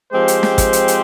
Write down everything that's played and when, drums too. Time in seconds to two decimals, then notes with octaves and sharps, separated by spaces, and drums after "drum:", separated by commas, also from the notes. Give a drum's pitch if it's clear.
0.12 F3 G#3 C4 G4 C5
0.28 drum: hi-hat
0.43 drum: snare
0.58 drum: kick, hi-hat
0.73 drum: hi-hat
0.88 drum: hi-hat